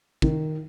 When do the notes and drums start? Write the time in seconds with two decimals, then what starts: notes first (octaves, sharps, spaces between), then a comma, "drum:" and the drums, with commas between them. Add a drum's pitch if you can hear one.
0.22 D#3, drum: kick